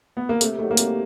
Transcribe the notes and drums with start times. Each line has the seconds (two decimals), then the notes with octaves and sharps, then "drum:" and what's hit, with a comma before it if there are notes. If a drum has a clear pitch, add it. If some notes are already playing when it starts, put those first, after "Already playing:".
0.17 B3
0.29 A#3
0.41 C3 A3, drum: hi-hat
0.59 D#3 F#3 A3
0.71 A#3
0.77 C3 A3, drum: hi-hat